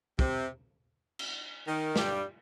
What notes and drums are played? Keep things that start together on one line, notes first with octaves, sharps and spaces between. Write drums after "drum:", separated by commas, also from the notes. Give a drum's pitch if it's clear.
C3, drum: kick
drum: cymbal
D#3
G2 G3, drum: snare